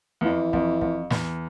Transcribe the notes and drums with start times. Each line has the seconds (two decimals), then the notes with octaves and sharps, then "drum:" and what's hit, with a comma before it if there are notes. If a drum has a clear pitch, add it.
0.21 E2
0.25 F2 E3
0.53 F2, drum: kick
0.81 F2, drum: kick
1.10 E2, drum: snare